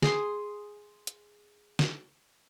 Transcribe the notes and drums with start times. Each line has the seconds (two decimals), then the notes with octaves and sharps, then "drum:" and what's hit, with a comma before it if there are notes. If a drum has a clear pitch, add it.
0.02 G#4 C6, drum: snare
1.07 drum: hi-hat
1.79 drum: snare